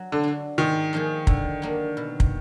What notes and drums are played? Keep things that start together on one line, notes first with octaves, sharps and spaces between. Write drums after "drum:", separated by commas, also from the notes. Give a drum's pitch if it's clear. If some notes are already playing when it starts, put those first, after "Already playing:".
Already playing: F#3
D3
D4 F#4
G#2 D#3
F3 A#3 D#4 G#4
D3, drum: kick
F#3 A#3 D4
B2
drum: kick